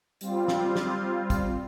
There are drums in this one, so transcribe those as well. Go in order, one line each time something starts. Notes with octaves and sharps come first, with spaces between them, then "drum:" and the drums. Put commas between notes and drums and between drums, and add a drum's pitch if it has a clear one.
G3 C4 F4, drum: hi-hat
drum: snare
drum: snare
drum: kick, hi-hat